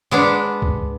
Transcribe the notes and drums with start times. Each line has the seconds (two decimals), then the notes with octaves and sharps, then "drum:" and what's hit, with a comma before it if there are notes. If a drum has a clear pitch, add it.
0.11 G#3 B3 D4
0.62 drum: kick